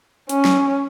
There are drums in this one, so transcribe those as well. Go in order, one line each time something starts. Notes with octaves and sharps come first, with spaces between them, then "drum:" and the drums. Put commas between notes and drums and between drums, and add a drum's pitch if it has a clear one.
C#4, drum: hi-hat
drum: snare